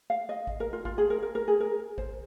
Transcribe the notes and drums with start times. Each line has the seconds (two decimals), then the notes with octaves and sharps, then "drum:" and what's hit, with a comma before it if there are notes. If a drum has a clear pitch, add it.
0.10 F5
0.29 D#5
0.47 drum: kick
0.60 A#4
0.73 F4
0.85 F4, drum: kick
0.98 G#4
1.10 A#4
1.23 A#4
1.35 A#4
1.48 G#4
1.60 A#4
1.98 C5, drum: kick